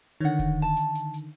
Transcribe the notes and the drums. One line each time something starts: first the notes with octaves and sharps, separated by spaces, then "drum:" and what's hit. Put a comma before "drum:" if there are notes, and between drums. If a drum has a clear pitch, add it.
D3 D#3 C#5 F#5
drum: kick E1, hi-hat
A5
drum: hi-hat
drum: hi-hat
drum: hi-hat